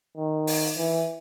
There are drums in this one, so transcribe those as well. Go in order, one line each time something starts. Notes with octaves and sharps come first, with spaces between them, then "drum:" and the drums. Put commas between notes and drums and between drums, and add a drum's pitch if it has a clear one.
D#3
drum: open hi-hat
E3